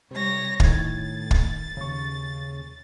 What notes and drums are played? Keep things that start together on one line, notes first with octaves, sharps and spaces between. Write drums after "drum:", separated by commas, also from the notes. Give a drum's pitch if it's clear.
C3 G3 C#5 A#6
A2 D#3 G#6 A6, drum: kick
drum: kick
D#2 C#3 C#6